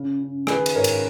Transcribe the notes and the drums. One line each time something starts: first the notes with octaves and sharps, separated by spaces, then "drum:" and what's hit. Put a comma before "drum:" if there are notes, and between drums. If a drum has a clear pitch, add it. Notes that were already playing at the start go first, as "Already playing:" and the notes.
Already playing: C#3
C#3
D#3 G#4 B4, drum: rim click
drum: cymbal
G#2 A#4 C#5
drum: cymbal